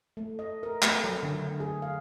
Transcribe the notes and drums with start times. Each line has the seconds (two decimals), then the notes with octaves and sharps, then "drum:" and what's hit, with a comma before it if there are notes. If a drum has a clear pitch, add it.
0.17 A3
0.39 D#5
0.63 A#4
0.82 A3, drum: clap
1.04 F#3
1.23 D3
1.34 F#3
1.60 G#4
1.82 F5